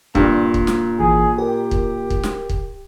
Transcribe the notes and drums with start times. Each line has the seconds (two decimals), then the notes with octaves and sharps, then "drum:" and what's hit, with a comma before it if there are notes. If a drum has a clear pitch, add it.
0.15 G2 A#2 E6, drum: kick
0.54 drum: kick
0.67 drum: snare
0.99 G#1 E3 G#4
1.38 G4 A#4
1.71 drum: kick
2.10 drum: kick
2.23 drum: snare
2.49 drum: kick